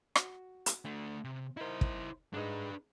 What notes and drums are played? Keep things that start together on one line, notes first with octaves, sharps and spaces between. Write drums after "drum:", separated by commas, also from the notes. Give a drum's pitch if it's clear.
F#4, drum: rim click
drum: hi-hat
A3 D4
C3
D#4 E4 A#4 C5
drum: kick
G#2 G#3 D4 D#4 B4